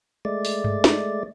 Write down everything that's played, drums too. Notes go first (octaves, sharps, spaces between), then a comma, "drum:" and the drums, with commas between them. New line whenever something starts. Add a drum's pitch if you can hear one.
G#3 A3 D5
drum: open hi-hat
drum: tom G2
drum: snare